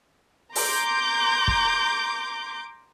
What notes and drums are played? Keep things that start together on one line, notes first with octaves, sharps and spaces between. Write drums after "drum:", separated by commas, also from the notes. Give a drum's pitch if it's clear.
A#5 C6 D6 G6, drum: open hi-hat
drum: kick